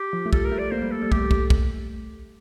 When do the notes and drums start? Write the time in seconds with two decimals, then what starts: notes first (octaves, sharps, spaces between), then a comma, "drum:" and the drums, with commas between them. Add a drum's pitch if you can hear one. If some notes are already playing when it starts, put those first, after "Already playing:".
Already playing: G4
0.13 F3
0.26 A3
0.33 G3 A4, drum: kick
0.45 A#4
0.52 A3
0.59 D5
0.72 A#3 C5
0.82 G3
0.92 A4
1.02 G3
1.12 A3 G4, drum: kick
1.31 drum: kick
1.50 drum: kick